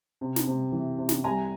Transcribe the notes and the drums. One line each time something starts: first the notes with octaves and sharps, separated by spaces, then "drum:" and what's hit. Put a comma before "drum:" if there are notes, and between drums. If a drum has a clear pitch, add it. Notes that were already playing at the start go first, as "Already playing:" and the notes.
C3
drum: snare
C3
E3
C3
drum: snare
C2 G#5 A#5